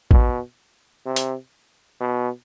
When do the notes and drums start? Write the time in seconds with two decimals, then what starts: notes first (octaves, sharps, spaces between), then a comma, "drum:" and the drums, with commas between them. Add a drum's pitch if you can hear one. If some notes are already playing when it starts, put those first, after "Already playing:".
0.11 B2, drum: kick A1
1.06 C3
1.16 drum: hi-hat
2.00 B2